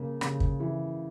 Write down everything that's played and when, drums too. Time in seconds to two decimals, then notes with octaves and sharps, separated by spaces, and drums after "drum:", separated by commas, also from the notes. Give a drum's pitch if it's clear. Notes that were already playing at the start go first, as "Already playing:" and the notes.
Already playing: C#3 A#3
0.21 C#3, drum: rim click
0.40 drum: kick
0.60 E3